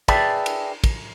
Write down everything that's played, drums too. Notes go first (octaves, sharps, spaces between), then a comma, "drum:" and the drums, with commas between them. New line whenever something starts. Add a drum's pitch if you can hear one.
G#4 B4 D5 E5 G5 A5, drum: kick, cymbal
drum: cymbal
drum: kick, cymbal